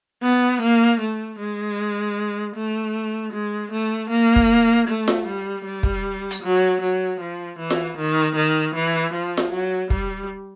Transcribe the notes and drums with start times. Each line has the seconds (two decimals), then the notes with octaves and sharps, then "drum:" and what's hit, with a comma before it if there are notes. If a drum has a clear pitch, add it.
0.23 B3
0.62 A#3
1.01 A3
1.39 G#3
2.55 A3
3.32 G#3
3.71 A3
4.10 A#3
4.36 drum: kick
4.88 A3
5.08 drum: snare F4
5.26 G3
5.65 G3
5.83 drum: kick
6.31 drum: hi-hat
6.43 F#3
6.81 F#3
7.20 F3
7.59 E3
7.70 drum: snare F4
7.97 D#3
8.36 D#3
8.75 E3
9.13 F3
9.37 drum: snare F4
9.52 F#3
9.90 G3, drum: kick